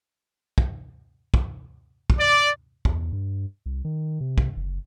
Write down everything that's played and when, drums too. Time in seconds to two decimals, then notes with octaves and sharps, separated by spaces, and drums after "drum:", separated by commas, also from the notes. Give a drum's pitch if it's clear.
0.58 drum: kick
1.34 drum: kick
2.10 drum: kick
2.19 D5
2.85 E2, drum: kick
3.13 G2
3.66 C2
3.85 D#3
4.21 C3
4.38 drum: kick
4.57 F#1